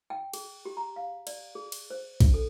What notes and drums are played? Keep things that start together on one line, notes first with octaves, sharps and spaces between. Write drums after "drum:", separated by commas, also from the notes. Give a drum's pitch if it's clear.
G5
G#4, drum: cymbal
G4
A#5
F5
D5, drum: cymbal
G#4
drum: cymbal
C5
D4, drum: kick A#1, cymbal
A4